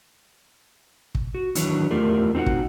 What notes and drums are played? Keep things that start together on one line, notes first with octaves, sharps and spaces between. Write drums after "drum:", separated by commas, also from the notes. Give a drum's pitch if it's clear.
drum: kick
F#4
D#3 E3 F#3 D4 B4 C#5, drum: hi-hat
E2 A3 F4 G4 A#4 D5
C4 D#4 F#4 F#5
drum: kick